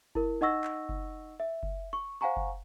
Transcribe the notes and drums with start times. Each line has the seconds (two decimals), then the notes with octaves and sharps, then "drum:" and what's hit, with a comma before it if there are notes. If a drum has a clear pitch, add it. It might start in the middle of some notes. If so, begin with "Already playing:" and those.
0.15 E4 A#4, drum: kick F#1
0.41 D#4 D#5 F#5 C#6 E6 A#6
0.64 drum: clap
0.89 drum: kick F#1
1.40 E5
1.63 drum: kick F#1
1.93 C#6
2.21 C5 F5 F#5 G#5 A#5 C#6
2.37 drum: kick F#1